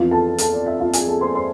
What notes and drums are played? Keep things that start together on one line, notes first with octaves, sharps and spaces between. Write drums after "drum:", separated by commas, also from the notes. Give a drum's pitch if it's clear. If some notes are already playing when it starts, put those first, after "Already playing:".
Already playing: F2 E3 B3 F4 F5
A4 A5
A4 A5, drum: hi-hat
D5
E5
F4 F5
G#4 G#5, drum: hi-hat
A4 A5
C5 C6
C5 C6